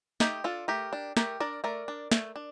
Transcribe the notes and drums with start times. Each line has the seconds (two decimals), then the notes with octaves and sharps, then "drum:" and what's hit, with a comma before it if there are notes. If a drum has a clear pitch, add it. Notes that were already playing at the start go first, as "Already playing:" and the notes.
0.20 A3 D#4 G4, drum: snare
0.44 D4 F4 A4
0.68 A3 G4 A#4
0.93 D4
1.17 A3 G4 A#4, drum: snare
1.40 D4 A#4 D5
1.64 A3 A#4 D5
1.88 D4
2.12 A3, drum: snare
2.36 D4